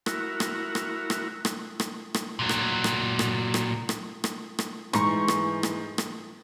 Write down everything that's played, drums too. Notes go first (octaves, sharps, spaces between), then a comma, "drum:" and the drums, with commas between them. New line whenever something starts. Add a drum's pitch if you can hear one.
E4 F#4 A#4, drum: rim click
drum: rim click
drum: rim click
drum: rim click
drum: rim click
drum: rim click
drum: rim click
A#2 F#3
drum: rim click
drum: rim click
drum: rim click
drum: rim click
drum: rim click
drum: rim click
drum: rim click
G#2 E3 A#5 C#6, drum: rim click
drum: rim click
drum: rim click
drum: rim click